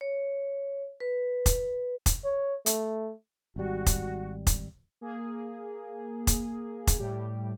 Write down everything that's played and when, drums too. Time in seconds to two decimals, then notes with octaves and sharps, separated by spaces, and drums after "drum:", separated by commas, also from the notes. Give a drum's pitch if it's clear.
0.01 C#5
1.00 B4
1.46 drum: kick F1, hi-hat
2.06 drum: kick F1, hi-hat
2.24 C#5
2.66 A3, drum: hi-hat
3.56 G#1 G3 F#4
3.86 drum: kick F1, hi-hat
4.47 drum: kick F1, hi-hat
5.01 A#3 G#4
6.27 drum: kick F1, hi-hat
6.87 drum: kick F1, hi-hat
6.99 A2 G3 G4